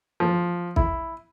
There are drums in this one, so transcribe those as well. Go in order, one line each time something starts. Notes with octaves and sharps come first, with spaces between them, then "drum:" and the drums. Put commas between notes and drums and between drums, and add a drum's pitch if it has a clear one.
F3
E4, drum: kick